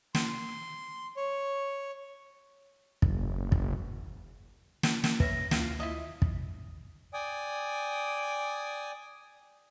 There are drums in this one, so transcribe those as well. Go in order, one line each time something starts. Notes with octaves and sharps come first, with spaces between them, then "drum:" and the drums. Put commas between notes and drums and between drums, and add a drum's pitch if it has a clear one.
C6, drum: snare
C#5
F#1, drum: kick
drum: kick
drum: snare
drum: snare
C#4 B4 E5 A#6, drum: kick
D2 E4 F4, drum: snare
E4 F4 D#5 E5
drum: kick
D5 G5 G#5 D#6